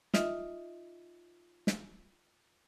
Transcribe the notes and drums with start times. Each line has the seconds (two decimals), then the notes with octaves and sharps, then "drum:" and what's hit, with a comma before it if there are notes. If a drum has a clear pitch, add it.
0.14 D#4 F4 D#5 E5, drum: snare
1.67 drum: snare